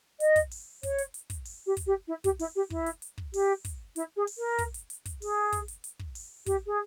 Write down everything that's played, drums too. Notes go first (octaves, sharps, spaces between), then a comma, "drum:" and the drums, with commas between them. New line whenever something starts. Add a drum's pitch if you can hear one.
D#5, drum: hi-hat
drum: kick, hi-hat
drum: open hi-hat
C#5, drum: kick, hi-hat
drum: hi-hat
drum: hi-hat
drum: kick, hi-hat
drum: open hi-hat
G4
drum: kick, hi-hat
G4
E4
G4, drum: kick, hi-hat
E4, drum: open hi-hat
G4
E4, drum: kick
drum: hi-hat
drum: hi-hat
drum: kick
G4, drum: open hi-hat
drum: kick, hi-hat
E4, drum: hi-hat
G#4
drum: open hi-hat
A#4
drum: kick, hi-hat
drum: hi-hat
drum: hi-hat
drum: kick, hi-hat
G#4, drum: open hi-hat
drum: kick, hi-hat
drum: hi-hat
drum: hi-hat
drum: kick
drum: open hi-hat
G4, drum: kick, hi-hat
G#4